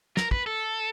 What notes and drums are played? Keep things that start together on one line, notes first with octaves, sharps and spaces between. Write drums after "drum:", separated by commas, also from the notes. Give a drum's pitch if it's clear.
A#4, drum: snare
B4, drum: kick
A4